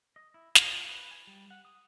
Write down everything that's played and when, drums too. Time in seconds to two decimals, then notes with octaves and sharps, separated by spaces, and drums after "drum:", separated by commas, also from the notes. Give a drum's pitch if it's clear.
0.16 D#5
0.34 E4
0.55 C5, drum: snare
0.73 F4
0.89 B4
1.11 G#5
1.27 G3
1.50 F#5
1.65 D#6